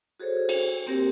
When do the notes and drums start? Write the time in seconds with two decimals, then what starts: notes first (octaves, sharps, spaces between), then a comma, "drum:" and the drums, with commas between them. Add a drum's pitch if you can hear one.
0.20 F#4 G#4 A4 C5 C#5
0.49 drum: cymbal
0.86 A#3 C4 G4 A#4